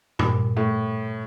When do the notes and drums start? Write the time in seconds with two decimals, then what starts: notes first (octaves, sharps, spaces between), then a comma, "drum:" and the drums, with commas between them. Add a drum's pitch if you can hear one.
0.19 G2 A#2 G3, drum: tom G2
0.57 A2